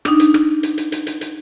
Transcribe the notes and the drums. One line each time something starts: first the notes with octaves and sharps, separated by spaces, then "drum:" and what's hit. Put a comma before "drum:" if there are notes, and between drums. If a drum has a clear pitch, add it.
D4 D#4, drum: rim click
drum: hi-hat
drum: rim click
drum: hi-hat
drum: hi-hat
drum: hi-hat
drum: hi-hat
drum: hi-hat